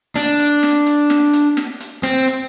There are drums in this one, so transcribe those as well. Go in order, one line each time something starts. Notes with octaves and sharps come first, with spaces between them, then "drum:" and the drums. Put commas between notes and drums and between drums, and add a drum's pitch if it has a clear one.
D4, drum: snare
drum: hi-hat
drum: snare
drum: hi-hat
drum: snare
drum: hi-hat
drum: snare
drum: hi-hat
C4, drum: snare
drum: hi-hat